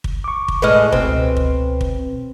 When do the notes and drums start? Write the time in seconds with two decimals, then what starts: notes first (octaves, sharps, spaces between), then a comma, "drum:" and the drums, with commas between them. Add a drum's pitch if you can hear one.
0.04 drum: kick
0.24 C#6 D6
0.48 drum: kick
0.62 A2 G#3 B4 D#5 F6
0.92 C#2 B2 C4 B4, drum: kick
1.37 drum: kick
1.81 drum: kick